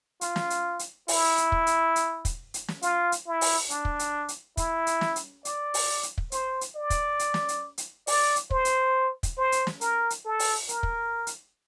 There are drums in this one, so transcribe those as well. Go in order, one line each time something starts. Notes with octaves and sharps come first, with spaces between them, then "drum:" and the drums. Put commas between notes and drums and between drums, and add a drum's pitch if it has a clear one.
F4, drum: hi-hat
drum: snare
drum: hi-hat
drum: hi-hat
E4, drum: open hi-hat
drum: hi-hat
drum: kick
drum: hi-hat
drum: hi-hat
drum: kick, hi-hat
drum: hi-hat
drum: snare
F4, drum: hi-hat
drum: hi-hat
E4
drum: open hi-hat
D4, drum: hi-hat
drum: kick
drum: hi-hat
drum: hi-hat
E4, drum: kick, hi-hat
drum: hi-hat
drum: snare
drum: hi-hat
D5, drum: hi-hat
drum: open hi-hat
drum: hi-hat
drum: kick
C5, drum: hi-hat
drum: hi-hat
D5
drum: kick, hi-hat
drum: hi-hat
drum: snare
drum: hi-hat
drum: hi-hat
D5, drum: open hi-hat
drum: hi-hat
C5, drum: kick
drum: hi-hat
drum: kick, hi-hat
C5
drum: hi-hat
drum: snare
A#4, drum: hi-hat
drum: hi-hat
A4
drum: open hi-hat
A#4, drum: hi-hat
drum: kick
drum: hi-hat